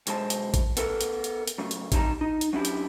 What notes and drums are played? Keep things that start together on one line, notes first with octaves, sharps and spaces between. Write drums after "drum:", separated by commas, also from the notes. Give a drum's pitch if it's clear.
B1 E2 G#3 C5 A5, drum: hi-hat
drum: hi-hat
drum: kick A1, hi-hat
B3 A4 A#4, drum: hi-hat
drum: hi-hat
drum: hi-hat
drum: hi-hat
A2 C#3 F#3
drum: hi-hat
C3 G3 D#4 C5 A5 A#5, drum: kick A1, hi-hat
D#4
drum: hi-hat
F#3 C#4 D4 E4 F#4 G4
drum: hi-hat